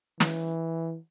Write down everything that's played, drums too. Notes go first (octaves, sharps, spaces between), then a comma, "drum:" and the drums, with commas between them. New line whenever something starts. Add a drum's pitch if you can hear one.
E3, drum: snare